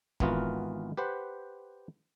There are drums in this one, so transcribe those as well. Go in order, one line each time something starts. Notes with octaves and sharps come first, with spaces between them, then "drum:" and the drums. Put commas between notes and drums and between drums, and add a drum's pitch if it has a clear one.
G#1 E3 B3 F4 F#4 A#4, drum: kick
G4 B4 C5 F#5